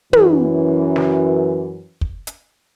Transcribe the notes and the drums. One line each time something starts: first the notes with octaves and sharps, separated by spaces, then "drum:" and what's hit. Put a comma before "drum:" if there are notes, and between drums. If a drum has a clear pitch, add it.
F#2 E3, drum: tom
drum: snare
drum: kick
drum: hi-hat